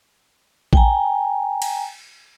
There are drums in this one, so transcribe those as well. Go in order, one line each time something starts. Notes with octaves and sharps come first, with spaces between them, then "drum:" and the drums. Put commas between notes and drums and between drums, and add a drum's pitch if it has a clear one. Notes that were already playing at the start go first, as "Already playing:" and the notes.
G5 G#5 A#5, drum: kick A1
drum: cymbal